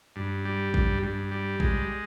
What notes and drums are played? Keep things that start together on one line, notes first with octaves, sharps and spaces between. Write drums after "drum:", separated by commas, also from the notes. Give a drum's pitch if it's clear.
G2
G3
G2, drum: kick
G2
G3
G#3, drum: kick